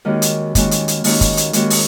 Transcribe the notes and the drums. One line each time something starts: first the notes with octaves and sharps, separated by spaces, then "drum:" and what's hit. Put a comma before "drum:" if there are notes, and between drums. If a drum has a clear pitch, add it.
D#2 D#3 G#3 C#4 F#4
drum: hi-hat
D#2 D#3 G#3 C#4 F#4, drum: kick, hi-hat
drum: hi-hat
drum: hi-hat
D#2 D#3 G#3 C#4 F#4, drum: open hi-hat
drum: kick, hi-hat
drum: hi-hat
D#2 D#3 G#3 C#4 F#4, drum: hi-hat
drum: open hi-hat